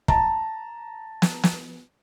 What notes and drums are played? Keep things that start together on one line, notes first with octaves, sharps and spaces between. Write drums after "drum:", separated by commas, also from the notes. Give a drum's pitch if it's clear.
A5 A#5, drum: kick
drum: snare
drum: snare